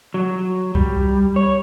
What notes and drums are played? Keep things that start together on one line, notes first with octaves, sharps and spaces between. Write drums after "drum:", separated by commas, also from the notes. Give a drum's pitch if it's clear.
F#3
G3, drum: kick C2
C#5